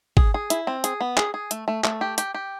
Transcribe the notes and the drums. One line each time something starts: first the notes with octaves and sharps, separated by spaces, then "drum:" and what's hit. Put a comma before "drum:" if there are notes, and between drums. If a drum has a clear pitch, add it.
G#4, drum: kick G#1
G#4
E4, drum: hi-hat
C4
G#4, drum: hi-hat
B3
G#4, drum: clap
G#4
A3, drum: hi-hat
A3
A3, drum: clap
G4
G4, drum: hi-hat
G4